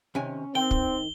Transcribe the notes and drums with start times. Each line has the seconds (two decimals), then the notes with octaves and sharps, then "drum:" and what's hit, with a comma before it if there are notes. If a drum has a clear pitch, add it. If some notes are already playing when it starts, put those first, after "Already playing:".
0.15 C3 D#3 C#4 G#5
0.55 D#3 C4 G5 G7
0.71 drum: kick